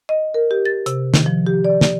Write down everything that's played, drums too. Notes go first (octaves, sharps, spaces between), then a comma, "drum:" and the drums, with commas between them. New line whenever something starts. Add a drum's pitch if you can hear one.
D#5
A#4
G4
A6
C3, drum: hi-hat
D#3, drum: snare
F3
G4
D5
drum: snare